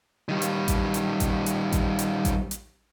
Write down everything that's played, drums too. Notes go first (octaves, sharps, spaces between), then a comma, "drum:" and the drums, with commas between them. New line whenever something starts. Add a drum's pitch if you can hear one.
D#3 G3
drum: hi-hat
drum: kick A1, hi-hat
drum: hi-hat
drum: kick A1, hi-hat
drum: hi-hat
drum: kick A1, hi-hat
drum: hi-hat
drum: kick A1, hi-hat
drum: hi-hat